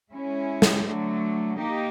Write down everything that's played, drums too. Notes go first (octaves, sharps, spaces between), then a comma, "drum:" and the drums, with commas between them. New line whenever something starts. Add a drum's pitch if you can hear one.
G#3 C#4 E4
drum: snare
D3 F#3 A3
A#3 D#4 G4